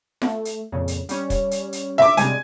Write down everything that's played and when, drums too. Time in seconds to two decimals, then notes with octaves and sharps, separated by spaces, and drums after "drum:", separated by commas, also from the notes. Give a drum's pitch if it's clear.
0.22 A3, drum: snare F4
0.45 drum: hi-hat
0.72 F2 A#2 C#3
0.88 drum: hi-hat
1.09 G3 C#4, drum: hi-hat
1.30 drum: kick, hi-hat
1.51 drum: hi-hat
1.73 drum: hi-hat
1.98 E5 D6
2.17 C3 G3 G#3 G#5, drum: hi-hat